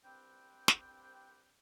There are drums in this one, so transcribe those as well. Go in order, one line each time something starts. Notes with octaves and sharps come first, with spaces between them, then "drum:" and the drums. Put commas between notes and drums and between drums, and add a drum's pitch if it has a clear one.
C2 C4 D4 B4 G5
drum: snare